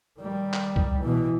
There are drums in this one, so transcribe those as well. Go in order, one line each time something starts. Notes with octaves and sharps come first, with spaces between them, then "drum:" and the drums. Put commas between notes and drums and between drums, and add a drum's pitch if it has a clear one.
D#3 G3
drum: clap
drum: kick C2
B2 E3